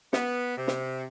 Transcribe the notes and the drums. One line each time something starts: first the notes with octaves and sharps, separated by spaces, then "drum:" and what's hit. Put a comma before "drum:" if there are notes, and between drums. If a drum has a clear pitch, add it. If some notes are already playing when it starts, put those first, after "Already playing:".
B3, drum: snare
C3
drum: snare